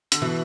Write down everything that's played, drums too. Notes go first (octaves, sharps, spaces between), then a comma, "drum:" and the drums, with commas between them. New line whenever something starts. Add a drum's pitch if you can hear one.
D3, drum: hi-hat
B2 E3